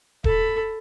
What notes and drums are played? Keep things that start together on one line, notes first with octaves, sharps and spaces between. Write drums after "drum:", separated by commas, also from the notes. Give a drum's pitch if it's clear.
A4 B5, drum: kick D#1